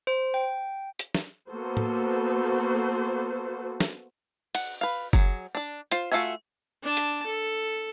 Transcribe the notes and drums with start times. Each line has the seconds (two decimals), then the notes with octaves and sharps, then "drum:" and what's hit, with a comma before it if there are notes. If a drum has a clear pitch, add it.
0.07 C5
0.34 G5
0.99 drum: hi-hat
1.15 drum: snare
1.50 A#3 B3 F#4 A4 C5
1.77 drum: tom
3.80 drum: snare
4.55 F#5, drum: cymbal
4.81 B4 F5
5.13 F#3 G#4, drum: kick F#1
5.55 D4 D5
5.91 F4 C5, drum: hi-hat
6.12 A3 F4 F#4 E5 G#5
6.83 D4 A5
6.97 drum: hi-hat
7.26 A4